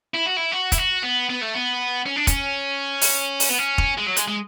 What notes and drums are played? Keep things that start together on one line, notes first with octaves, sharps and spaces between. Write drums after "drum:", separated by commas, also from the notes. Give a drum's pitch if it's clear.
E4
F#4
E4
F#4
E4, drum: kick F1, hi-hat
F#4
B3
B3
A3
B3
C#4
D4
C#4, drum: kick F1, hi-hat
drum: open hi-hat
drum: open hi-hat
B3
C#4
drum: kick F1
G#3
F#3
G#3, drum: hi-hat
G#3